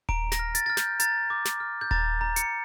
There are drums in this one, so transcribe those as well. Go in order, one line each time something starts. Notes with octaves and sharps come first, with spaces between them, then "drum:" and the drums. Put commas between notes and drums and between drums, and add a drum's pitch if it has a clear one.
A#5 D7, drum: kick D#1
A#6, drum: snare
F6
A6, drum: hi-hat
F6 A6
G6, drum: snare
A#5 A6, drum: hi-hat
D6
drum: snare
F6
G6
A#5 A6, drum: kick D#1
A#5
C#7, drum: hi-hat